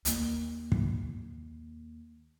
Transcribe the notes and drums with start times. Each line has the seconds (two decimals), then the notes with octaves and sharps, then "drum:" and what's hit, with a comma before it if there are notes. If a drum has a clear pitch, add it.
0.05 D#2 A#3, drum: hi-hat
0.72 drum: kick